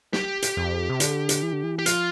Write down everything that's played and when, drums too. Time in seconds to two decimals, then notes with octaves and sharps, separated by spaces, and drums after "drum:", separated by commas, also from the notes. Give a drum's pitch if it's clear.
0.13 G4, drum: snare
0.42 drum: hi-hat
0.57 F2
0.90 C3
1.00 D3, drum: hi-hat
1.29 drum: hi-hat
1.43 E3
1.53 D3
1.63 E3
1.79 G4
1.86 F3 F4, drum: hi-hat